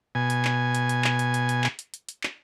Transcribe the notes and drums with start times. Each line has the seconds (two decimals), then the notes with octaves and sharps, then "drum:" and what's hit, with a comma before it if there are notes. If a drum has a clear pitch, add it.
0.15 B2 G#5
0.30 drum: hi-hat
0.45 drum: clap
0.75 drum: hi-hat
0.89 drum: hi-hat
1.04 drum: clap
1.19 drum: hi-hat
1.34 drum: hi-hat
1.49 drum: hi-hat
1.64 drum: clap
1.79 drum: hi-hat
1.94 drum: hi-hat
2.09 drum: hi-hat
2.23 drum: clap